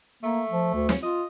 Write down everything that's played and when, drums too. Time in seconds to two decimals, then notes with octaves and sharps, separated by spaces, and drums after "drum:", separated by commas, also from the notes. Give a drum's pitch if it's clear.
0.23 A3 A#3
0.50 F3
0.74 D2
0.89 C#4, drum: snare
1.03 F4 D#5